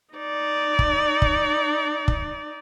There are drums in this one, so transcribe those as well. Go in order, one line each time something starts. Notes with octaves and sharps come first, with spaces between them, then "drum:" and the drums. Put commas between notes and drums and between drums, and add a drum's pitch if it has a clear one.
D#4 D5
drum: kick
drum: kick
drum: kick